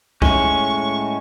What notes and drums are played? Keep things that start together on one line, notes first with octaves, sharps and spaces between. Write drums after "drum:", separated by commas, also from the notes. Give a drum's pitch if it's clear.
A2 G#3 C#4 C#6, drum: kick